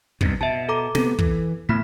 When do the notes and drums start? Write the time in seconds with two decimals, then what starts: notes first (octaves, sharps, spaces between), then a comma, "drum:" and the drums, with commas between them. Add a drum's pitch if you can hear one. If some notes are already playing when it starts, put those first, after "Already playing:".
0.21 C2 G2 B2, drum: kick
0.41 B2 E5 A5
0.69 A4 A#5 D6
0.95 C3 B3 A4, drum: snare
1.19 E3, drum: kick
1.69 A2 B3 B5 B6